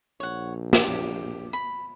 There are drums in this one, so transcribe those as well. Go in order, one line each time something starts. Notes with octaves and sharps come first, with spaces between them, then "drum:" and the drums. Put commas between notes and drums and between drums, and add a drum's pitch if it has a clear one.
A#1 C#5 F#5
G4, drum: snare
B5